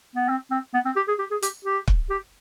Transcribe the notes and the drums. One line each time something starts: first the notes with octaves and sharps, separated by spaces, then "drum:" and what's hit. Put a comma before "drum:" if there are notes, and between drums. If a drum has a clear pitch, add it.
B3
C4
C4
B3
C4
G4
G#4
G4
G#4
G4, drum: hi-hat
G4
drum: kick
G4